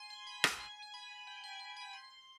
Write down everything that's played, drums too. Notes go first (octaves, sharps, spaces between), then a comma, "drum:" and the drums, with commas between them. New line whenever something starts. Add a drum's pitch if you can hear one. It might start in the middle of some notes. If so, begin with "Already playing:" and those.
Already playing: G#5 C6
G#5
B5
B5, drum: rim click
G#5
G#5
B5
G5
G#5
G#5
B5
C6